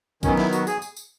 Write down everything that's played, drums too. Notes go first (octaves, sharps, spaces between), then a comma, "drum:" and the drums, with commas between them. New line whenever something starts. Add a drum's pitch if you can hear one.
D#3 F#3 B3 C#4, drum: kick A#1, tambourine
E4, drum: snare
F#4, drum: tambourine
G#4, drum: tambourine
drum: tambourine
drum: tambourine